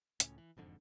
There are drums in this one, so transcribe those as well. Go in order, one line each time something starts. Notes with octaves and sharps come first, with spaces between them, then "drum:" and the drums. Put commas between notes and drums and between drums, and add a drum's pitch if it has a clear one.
C#2 A2 C#4, drum: hi-hat
E3
E1 F2 G#2 D3